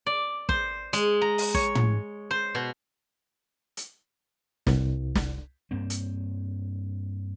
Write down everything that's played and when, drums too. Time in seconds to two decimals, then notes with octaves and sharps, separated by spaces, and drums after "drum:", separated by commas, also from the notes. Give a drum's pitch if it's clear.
0.06 D5
0.49 C5, drum: kick
0.93 G#3, drum: hi-hat
1.21 A#5
1.38 drum: open hi-hat
1.54 C#5, drum: kick
1.75 drum: tom
2.31 C5
2.55 B2
3.77 drum: hi-hat
4.67 C2, drum: snare
5.15 drum: snare
5.71 G2 A#3 C4
5.90 drum: hi-hat